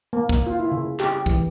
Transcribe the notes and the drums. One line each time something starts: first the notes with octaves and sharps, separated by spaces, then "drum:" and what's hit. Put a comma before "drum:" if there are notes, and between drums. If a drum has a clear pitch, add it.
A#3
drum: kick, tambourine
F4
E4
C#3
G4, drum: clap
E3, drum: kick, tambourine